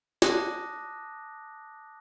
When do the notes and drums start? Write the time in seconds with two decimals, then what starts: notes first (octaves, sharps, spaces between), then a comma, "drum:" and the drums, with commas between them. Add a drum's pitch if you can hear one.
0.22 A5 D6 D#6 F#6 A#6, drum: snare